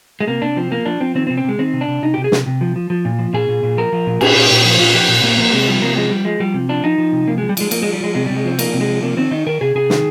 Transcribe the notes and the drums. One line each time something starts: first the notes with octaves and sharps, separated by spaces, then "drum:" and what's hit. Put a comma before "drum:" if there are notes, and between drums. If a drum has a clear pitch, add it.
G#3
C3 A#3
C3 D4
F3 C4
F3 A#3
F3 D4
F3 C4
D#3 C4
C4
C3
C4
C3 G#3
D#3 C4
C3
D4
C3
C3 D#4
C3 G4
G#4
C3, drum: snare
C3
F3
F3
F3
A#2
F3
A#2 G#4
A#2
A#2
F3 A#4
F3
A#2
A#2 G#4, drum: cymbal
A#2
G4
A#2
F3
A#2 F4
F3 G4
A#2
A#2 A#3
F3 A#3
C3 G#3
F3 G3
C3 A#3
F3 G#3
F3 G3
F3 G#3
F3 G3
C3
F3 D4
F3 D#4
F3
C3
F3 A#3
F3 G#3
G3
F3 G#3, drum: cymbal
F3 A#3, drum: cymbal
F3 G#3
G3
F3 G#3
C3 G#3
C3 G3
G#3
F3 C4
F3 A#3, drum: cymbal
C3
G#3
F3
C3 A#3
D#3 C4
D#3 D#4
D#3 A#4
C3 G#4
C3 G#4
D#3, drum: snare